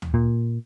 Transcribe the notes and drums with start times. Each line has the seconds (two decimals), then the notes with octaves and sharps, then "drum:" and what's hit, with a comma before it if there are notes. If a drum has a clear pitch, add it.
0.02 drum: tom
0.14 A#2